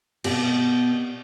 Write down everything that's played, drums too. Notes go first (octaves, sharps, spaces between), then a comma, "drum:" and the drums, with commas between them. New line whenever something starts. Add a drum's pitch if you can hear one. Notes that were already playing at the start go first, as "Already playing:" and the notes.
B2 G4, drum: cymbal